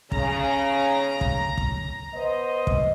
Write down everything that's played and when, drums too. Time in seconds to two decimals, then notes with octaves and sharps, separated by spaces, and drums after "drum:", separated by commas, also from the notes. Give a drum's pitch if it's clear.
0.12 C#3 A#5, drum: kick
1.21 drum: kick
1.58 drum: kick
2.14 B3 C5 D#5
2.67 drum: kick